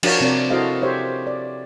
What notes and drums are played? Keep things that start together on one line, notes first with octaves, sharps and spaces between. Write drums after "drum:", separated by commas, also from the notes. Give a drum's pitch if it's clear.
F3 D4 F#4 A#4 C#5 F5, drum: cymbal
C3 C4 A#4 C#5 D5
E4 F#4 A4 C5 D#5 F5
G4 C5 C#5 E5
D5